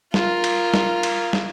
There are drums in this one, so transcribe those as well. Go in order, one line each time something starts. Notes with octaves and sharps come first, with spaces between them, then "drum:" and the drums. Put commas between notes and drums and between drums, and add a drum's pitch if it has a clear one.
F4 A#4, drum: snare
drum: cymbal
drum: snare
drum: cymbal
drum: snare